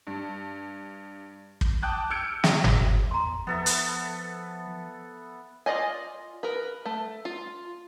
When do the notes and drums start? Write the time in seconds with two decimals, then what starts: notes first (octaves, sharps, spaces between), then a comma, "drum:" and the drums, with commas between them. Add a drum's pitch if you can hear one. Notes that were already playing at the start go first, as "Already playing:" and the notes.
0.07 G2
1.61 drum: kick
1.83 G5 A5 D6 D#6 F#6 G6
2.10 E6 F6 G6 G#6 C#7 D7
2.44 C#3 F#3, drum: snare
2.64 drum: tom G1
3.11 E2 A#5 C6
3.47 F3 B3 A4 E5
3.66 A4 B4, drum: hi-hat
5.66 F4 G#4 D5 D#5 G#5
6.43 A#4 B4
6.85 A3
7.25 F4